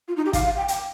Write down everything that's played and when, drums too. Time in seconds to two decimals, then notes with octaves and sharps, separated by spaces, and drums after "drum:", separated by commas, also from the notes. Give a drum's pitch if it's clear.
0.08 F4
0.16 D#4
0.25 G4
0.33 F5, drum: kick, hi-hat
0.46 F5
0.57 G5
0.68 G5, drum: hi-hat